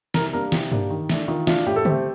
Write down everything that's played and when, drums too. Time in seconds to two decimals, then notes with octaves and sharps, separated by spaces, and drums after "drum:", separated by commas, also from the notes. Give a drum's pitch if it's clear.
0.14 C3 A#4, drum: snare
0.33 G3 A#3 D4 A#4
0.52 C3 G4, drum: snare
0.72 G3 A#3 D4, drum: tom G2
0.90 D#3
1.09 A3 D4, drum: snare
1.28 D#3 F4
1.47 A3 D4 F4, drum: snare
1.66 A2 G4
1.76 A4
1.85 A3 C4 G4, drum: tom C#3